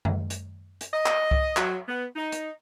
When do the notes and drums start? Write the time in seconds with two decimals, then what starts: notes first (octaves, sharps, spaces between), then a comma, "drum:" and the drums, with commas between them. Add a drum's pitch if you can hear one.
0.05 drum: tom F#2
0.30 drum: hi-hat
0.81 drum: hi-hat
0.92 D#5
1.06 drum: clap
1.31 drum: kick C2
1.57 F#3, drum: clap
1.88 B3
2.16 D#4
2.32 drum: hi-hat